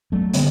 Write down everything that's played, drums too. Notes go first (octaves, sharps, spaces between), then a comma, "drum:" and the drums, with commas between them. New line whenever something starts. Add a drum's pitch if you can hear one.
F#3 A3
D3 G3 B3, drum: hi-hat